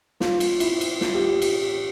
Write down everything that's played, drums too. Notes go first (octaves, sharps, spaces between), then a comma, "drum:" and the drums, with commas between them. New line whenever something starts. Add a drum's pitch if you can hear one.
F4, drum: snare
drum: cymbal
E4, drum: cymbal
drum: cymbal
F4, drum: snare
G4
F4
G4, drum: cymbal
G4